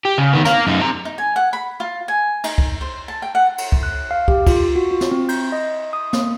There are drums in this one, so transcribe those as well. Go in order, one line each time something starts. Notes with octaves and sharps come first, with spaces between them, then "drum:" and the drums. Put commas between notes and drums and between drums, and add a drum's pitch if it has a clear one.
G4
C#3
D#3 B3
A#4 F5, drum: snare
F#2 D#4
C4 A#5
D#4
G#5
F#5
B5
F4
G#5
D#4, drum: cymbal
drum: kick
C5
A5
G5
F#5
drum: cymbal
drum: kick
F#6
F5
G4, drum: kick
F4, drum: kick, cymbal
F#4
F4
drum: snare
C4
G6, drum: cymbal
D#5
D#6
A#3, drum: snare